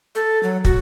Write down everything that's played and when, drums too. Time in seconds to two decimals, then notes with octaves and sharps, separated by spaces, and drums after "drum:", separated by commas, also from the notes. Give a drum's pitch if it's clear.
0.15 A4
0.43 F#3
0.65 F#4, drum: kick